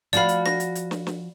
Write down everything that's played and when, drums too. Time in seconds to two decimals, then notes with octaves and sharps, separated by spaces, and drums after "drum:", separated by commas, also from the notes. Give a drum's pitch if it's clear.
0.13 F3 F#4 D5 F5 B5, drum: hi-hat
0.29 drum: hi-hat
0.46 A#6, drum: snare
0.60 drum: hi-hat
0.75 drum: hi-hat
0.91 drum: snare
1.07 drum: snare